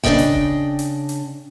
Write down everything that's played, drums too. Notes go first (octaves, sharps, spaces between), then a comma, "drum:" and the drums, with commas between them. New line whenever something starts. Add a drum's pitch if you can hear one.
C#3 D4 A#4 D5 D#5 G5, drum: kick E1
drum: hi-hat
drum: kick E1
drum: hi-hat
drum: hi-hat